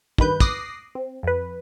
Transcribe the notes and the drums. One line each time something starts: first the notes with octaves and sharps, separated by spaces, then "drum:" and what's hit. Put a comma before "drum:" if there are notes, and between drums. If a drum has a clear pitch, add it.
G2 D#3 B4 G6, drum: kick
D6 D#6 F#6 A#6 C7, drum: kick
C4
F2 B4